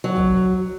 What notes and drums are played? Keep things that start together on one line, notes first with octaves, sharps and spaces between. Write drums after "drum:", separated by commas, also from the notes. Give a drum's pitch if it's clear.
F#3
drum: kick